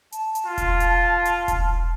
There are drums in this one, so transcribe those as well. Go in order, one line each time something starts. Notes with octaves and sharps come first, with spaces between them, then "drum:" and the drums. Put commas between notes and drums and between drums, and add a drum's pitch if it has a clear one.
A5, drum: hi-hat
drum: hi-hat
F4
drum: kick E1, hi-hat
drum: hi-hat
drum: hi-hat
drum: kick E1, hi-hat